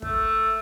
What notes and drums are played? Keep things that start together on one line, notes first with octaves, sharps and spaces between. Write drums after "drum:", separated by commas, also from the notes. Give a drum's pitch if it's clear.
A3, drum: kick